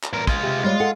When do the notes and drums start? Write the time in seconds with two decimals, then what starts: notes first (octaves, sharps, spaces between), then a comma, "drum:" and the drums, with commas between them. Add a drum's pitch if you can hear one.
0.03 drum: clap
0.13 E2 A#4
0.27 G#3 F4, drum: kick
0.43 C3
0.64 G3 G#3 F4 C#5
0.80 A4 F#5